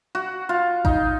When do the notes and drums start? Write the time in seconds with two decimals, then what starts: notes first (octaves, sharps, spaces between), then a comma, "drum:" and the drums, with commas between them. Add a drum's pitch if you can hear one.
0.15 F#4
0.49 F4
0.85 D#4, drum: kick A1